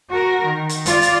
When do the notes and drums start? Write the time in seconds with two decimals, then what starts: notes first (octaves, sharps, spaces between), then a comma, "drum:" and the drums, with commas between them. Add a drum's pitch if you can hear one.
0.11 F#4 A#4
0.45 D#3
0.69 drum: hi-hat
0.86 F4 D5, drum: hi-hat
1.02 drum: hi-hat